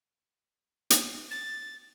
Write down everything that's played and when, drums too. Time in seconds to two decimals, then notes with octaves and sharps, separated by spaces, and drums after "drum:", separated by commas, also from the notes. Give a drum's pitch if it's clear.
0.90 drum: hi-hat
1.31 A6